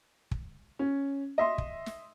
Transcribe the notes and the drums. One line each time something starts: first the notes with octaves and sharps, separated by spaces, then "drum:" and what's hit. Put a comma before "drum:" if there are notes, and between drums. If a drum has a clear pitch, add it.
drum: kick
C#4
D#5 E5 C6
drum: kick
drum: snare